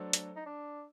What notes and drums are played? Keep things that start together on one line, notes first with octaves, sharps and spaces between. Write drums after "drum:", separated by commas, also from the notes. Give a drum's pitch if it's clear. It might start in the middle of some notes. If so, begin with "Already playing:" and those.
Already playing: F#3 A3 D4 A4 C5
drum: hi-hat
D#4
D4